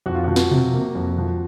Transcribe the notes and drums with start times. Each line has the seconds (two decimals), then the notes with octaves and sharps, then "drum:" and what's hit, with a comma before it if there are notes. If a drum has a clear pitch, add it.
0.06 F2 F#4
0.15 F4
0.24 F3 F#4
0.36 drum: snare
0.51 C3, drum: tom B2
0.74 A#3
0.95 F2
1.18 F3